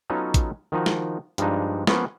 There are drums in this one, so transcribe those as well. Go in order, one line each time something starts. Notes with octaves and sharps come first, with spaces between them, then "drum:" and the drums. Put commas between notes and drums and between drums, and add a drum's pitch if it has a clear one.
F#3 B3 C#4 D#4 F4 A4
drum: kick A1, hi-hat
D#3 F3 D#4 F#4
drum: snare
G2 F3 G#3 D4 D#4, drum: hi-hat
F3 A#3 B3 C#4 C5 C#5, drum: snare